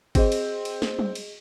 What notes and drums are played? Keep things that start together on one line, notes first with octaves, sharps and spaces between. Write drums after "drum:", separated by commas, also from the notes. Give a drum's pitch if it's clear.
C4 F#4 G#4 D#5, drum: kick G1, cymbal
drum: cymbal
drum: cymbal
drum: snare
drum: tom F#3
drum: cymbal